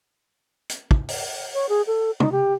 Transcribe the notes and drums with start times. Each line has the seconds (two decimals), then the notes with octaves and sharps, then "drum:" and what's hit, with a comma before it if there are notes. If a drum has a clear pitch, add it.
0.69 drum: hi-hat
0.91 drum: kick
1.09 drum: open hi-hat
1.54 C#5
1.69 G#4
1.87 A4
2.20 D#4, drum: tom
2.32 G4